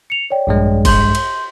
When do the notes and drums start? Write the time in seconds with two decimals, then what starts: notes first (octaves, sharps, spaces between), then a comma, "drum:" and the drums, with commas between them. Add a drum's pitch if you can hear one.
0.10 C#7 F7
0.30 C#5 D5 G5
0.47 A#1 G2 G#3
0.85 C6 G6 F#7, drum: kick, cymbal
1.15 drum: cymbal